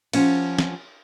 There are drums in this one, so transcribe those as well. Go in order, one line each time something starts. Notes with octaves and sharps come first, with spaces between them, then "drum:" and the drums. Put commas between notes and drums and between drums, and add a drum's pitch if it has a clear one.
F3 C#4 F#5, drum: cymbal
drum: snare